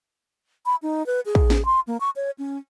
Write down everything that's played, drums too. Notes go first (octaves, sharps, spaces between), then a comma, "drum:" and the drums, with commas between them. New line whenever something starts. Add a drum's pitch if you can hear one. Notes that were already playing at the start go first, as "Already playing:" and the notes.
B5
D#4
B4
G#4
drum: kick
drum: snare C#4
C6
A#3
C#6
C#5
C#4